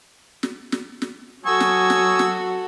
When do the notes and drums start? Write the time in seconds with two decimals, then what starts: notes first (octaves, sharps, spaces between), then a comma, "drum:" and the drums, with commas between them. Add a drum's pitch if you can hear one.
0.43 drum: snare
0.72 drum: snare
1.02 drum: snare
1.46 F#3 F#4 A4 G#5 C#6 D#6 E6
1.60 drum: snare
1.90 drum: snare
2.19 drum: snare